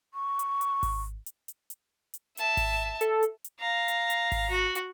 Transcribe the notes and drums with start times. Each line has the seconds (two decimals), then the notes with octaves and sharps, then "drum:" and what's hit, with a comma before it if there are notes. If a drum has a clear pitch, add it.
0.14 C#6
0.39 drum: hi-hat
0.61 drum: hi-hat
0.83 drum: kick G#1, open hi-hat
1.26 drum: hi-hat
1.48 drum: hi-hat
1.70 drum: hi-hat
2.14 drum: hi-hat
2.37 E5 A5, drum: hi-hat
2.57 drum: kick G#1, open hi-hat
3.01 A4, drum: hi-hat
3.23 drum: hi-hat
3.44 drum: hi-hat
3.60 F5 A#5
3.88 drum: hi-hat
4.10 drum: hi-hat
4.32 drum: kick G#1, open hi-hat
4.49 F#4
4.75 drum: hi-hat